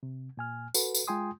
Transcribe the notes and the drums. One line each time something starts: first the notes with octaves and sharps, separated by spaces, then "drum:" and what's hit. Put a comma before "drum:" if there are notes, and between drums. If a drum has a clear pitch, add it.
C3
A#2 G#5 F6
F#4 A4 B4, drum: tambourine
drum: tambourine
G#3 F4 G5 G#5 C6 D#6